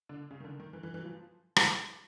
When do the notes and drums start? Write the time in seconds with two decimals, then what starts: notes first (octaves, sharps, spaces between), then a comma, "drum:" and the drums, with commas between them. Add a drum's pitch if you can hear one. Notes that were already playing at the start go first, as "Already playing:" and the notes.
0.09 D3
0.31 C#3
0.40 D#3
0.44 D3
0.60 D#3
0.73 E3
0.83 E3
0.94 E3
0.99 F#3
1.05 F3
1.56 E3, drum: rim click